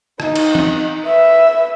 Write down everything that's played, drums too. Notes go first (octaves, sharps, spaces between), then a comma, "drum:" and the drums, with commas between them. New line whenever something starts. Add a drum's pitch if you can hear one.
D#4, drum: rim click
drum: cymbal
drum: tom
B4 E5